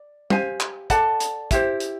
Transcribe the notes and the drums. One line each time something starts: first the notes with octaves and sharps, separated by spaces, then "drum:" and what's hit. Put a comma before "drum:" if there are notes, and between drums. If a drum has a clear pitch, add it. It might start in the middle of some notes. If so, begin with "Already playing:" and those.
Already playing: D5
G4 C5 F5 G#5, drum: tom
drum: clap
A4 D5 F#5 A5, drum: kick, hi-hat
drum: hi-hat
E4 G4 C5, drum: kick, hi-hat
drum: hi-hat